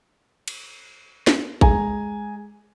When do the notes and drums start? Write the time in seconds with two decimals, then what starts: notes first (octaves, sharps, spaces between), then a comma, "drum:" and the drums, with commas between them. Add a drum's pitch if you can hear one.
0.48 drum: cymbal
1.27 drum: snare
1.61 G#3 G#5 A#5, drum: kick A1